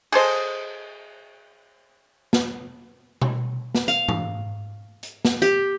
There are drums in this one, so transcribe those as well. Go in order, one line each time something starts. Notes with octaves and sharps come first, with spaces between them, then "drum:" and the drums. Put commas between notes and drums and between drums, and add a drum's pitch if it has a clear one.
G#4 A4 C5 D#5, drum: cymbal
drum: snare
drum: tom B2
drum: snare
F5, drum: hi-hat
drum: tom G#2
drum: hi-hat
drum: snare
G4, drum: hi-hat